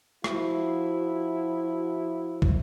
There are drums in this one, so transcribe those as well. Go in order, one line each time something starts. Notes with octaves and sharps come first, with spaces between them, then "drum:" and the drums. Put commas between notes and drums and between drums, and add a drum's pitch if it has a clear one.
F3 E4 F#4, drum: rim click
drum: kick